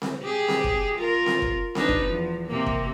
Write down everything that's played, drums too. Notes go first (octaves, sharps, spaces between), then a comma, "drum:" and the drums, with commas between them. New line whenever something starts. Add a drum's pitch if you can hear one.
drum: snare C4
G4 G#4
drum: snare C4
drum: kick
F4 A#4
drum: snare C4
drum: kick
D4 D#4 B4, drum: snare C4
drum: kick
E2 F3
C3 A#3
drum: kick